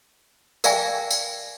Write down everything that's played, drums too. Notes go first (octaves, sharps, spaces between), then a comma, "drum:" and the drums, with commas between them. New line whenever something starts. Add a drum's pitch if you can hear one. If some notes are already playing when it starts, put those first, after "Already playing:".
A#4 D5 E5 F5 G5 G#5, drum: tambourine
drum: tambourine